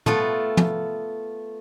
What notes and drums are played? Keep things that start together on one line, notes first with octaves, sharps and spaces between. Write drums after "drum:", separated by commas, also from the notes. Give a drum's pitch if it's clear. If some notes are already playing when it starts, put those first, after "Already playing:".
A3 B3 F4 A4, drum: tom
drum: tom